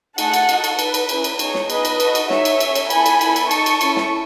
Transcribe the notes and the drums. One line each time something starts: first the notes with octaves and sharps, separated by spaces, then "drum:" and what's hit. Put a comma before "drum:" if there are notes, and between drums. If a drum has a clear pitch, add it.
A3 D#4 G#4 F#5 A5, drum: cymbal
drum: cymbal
D#4 F#4 A4, drum: cymbal
drum: cymbal
D#4 A4 B4, drum: cymbal
drum: cymbal
C#4 E4 G#4, drum: cymbal
drum: cymbal
B3 D#4 G#4 C#5, drum: cymbal
drum: snare
B3 D#4 G#4 B4 D#5, drum: cymbal
drum: cymbal
D#4 F#4 A4, drum: cymbal
drum: cymbal
D#4 G#4 C#5 E5, drum: snare
drum: cymbal
C#4 G#4, drum: cymbal
drum: cymbal
B3 E4 A4 G#5 B5, drum: cymbal
drum: cymbal
B3 E4 A4, drum: cymbal
drum: cymbal
D#4 A4 A5 C#6, drum: cymbal
drum: cymbal
C#4 E4 A4, drum: cymbal
drum: snare